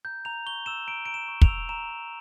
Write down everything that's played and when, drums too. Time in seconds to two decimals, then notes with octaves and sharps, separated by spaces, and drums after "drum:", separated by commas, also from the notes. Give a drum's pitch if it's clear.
0.05 A#5 G6
0.25 A#5 F7
0.46 C#6 G7
0.66 E6 E7
0.87 A#5 D7
1.06 A#5 D7
1.14 E7
1.28 C#6
1.42 F7, drum: kick
1.48 E6
1.69 A#5 E7
1.90 A#5